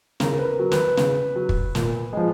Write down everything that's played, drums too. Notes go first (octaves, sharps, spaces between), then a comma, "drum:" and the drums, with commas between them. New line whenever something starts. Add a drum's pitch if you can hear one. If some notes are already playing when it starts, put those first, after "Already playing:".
C#3 A#4, drum: snare
B4
A#4
F#3
B4, drum: snare
C#3, drum: snare
F#3
drum: kick
A#2, drum: snare
F3 G#3